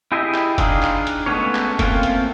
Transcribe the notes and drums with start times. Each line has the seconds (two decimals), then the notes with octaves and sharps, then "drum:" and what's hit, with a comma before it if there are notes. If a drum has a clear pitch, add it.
0.12 E4 G4 G#4 D#5 E5
0.34 drum: clap
0.58 D4 D#4 F4 G#4, drum: kick F#1, hi-hat
0.83 drum: clap
1.07 drum: hi-hat
1.26 G#3 A3 B3 C#4 C#5
1.55 drum: clap
1.79 A3 A#3 C4 C#4 F4, drum: kick F#1, hi-hat
2.03 drum: hi-hat